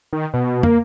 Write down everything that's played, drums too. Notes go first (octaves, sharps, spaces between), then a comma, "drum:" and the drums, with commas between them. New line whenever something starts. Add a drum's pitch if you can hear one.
D#3
B2
A#3, drum: tom